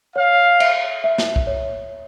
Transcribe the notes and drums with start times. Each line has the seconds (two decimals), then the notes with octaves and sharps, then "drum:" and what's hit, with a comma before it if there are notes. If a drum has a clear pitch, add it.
0.16 C#5 F5
0.60 E5, drum: cymbal
1.04 E5
1.18 drum: snare
1.36 drum: kick C2
1.47 C#5